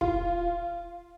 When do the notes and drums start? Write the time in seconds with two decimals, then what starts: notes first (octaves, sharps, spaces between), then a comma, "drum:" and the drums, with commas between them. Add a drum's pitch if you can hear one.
0.01 F4, drum: kick